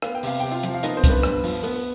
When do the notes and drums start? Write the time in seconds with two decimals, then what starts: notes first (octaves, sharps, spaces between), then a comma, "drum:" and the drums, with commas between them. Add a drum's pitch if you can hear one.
0.02 B3 F5, drum: rim click
0.15 G5
0.23 C3 F5, drum: open hi-hat
0.40 C3 G5
0.51 F4 F5
0.63 F3, drum: hi-hat
0.74 F5
0.83 B3 D#4 D#5, drum: hi-hat
0.97 C4 C5
1.04 G2, drum: kick C2, hi-hat
1.09 B3 B4
1.23 G2, drum: rim click
1.44 F3, drum: open hi-hat
1.64 B3, drum: open hi-hat